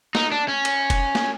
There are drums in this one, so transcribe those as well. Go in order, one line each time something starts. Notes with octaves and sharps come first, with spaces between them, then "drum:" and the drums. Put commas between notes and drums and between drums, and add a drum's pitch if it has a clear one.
D#4, drum: snare
D4
C#4
drum: cymbal
drum: kick F1, cymbal
drum: snare